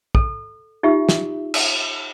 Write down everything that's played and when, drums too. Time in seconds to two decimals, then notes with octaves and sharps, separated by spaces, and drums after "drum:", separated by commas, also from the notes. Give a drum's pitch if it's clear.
0.15 A4, drum: kick
0.83 D#4 F4 G4 E5
1.09 drum: snare
1.54 drum: cymbal